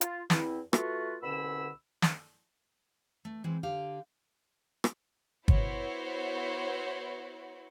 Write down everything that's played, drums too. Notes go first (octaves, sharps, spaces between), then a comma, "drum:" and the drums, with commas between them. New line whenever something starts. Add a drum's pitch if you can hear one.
F4, drum: hi-hat
E2 C4 E4, drum: snare
A3 F4 F#4 B4, drum: rim click
C2 B2 D3 C#4 B5 E6
drum: snare
A3
E3 G#3 C4
D3 G4 F5
drum: rim click
B3 E4 F#4 C5 C#5, drum: kick